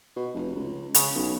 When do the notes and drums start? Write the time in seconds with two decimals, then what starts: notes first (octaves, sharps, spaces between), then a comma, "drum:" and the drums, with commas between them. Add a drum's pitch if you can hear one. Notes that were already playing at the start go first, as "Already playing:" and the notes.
0.16 B2
0.34 F1
0.55 C#2
0.94 C#3, drum: hi-hat
1.15 B1